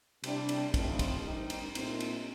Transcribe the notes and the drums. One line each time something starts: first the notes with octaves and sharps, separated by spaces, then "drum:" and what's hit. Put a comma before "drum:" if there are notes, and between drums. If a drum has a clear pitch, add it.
C3 G3 D4, drum: cymbal
drum: cymbal
A2 F3 C4 D#4, drum: kick, cymbal
drum: kick, cymbal
G2 D#3 G3 C4 D#4
drum: cymbal
A#2 A3 C4 D#4, drum: cymbal
drum: cymbal